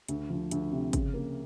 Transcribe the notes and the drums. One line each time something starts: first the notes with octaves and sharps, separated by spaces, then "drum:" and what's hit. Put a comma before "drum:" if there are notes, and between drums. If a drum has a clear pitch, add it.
D2, drum: hi-hat
F3
D2, drum: hi-hat
C3
C#3, drum: kick, hi-hat
A#3